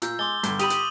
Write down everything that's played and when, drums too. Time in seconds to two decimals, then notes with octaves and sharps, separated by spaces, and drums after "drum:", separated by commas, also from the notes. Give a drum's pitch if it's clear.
0.02 A#2 E6 G6, drum: hi-hat
0.19 G#3 C6 D6 A6 G7
0.43 G2 D3, drum: hi-hat
0.59 G4 B5 D#6 D#7 F#7, drum: hi-hat
0.70 drum: hi-hat